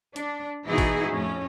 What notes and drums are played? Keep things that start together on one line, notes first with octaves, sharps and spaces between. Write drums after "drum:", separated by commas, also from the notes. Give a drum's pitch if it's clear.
D4, drum: hi-hat
B2 E3 D#4 E4 F#4 G#4
drum: kick, open hi-hat
F2 A2 C#4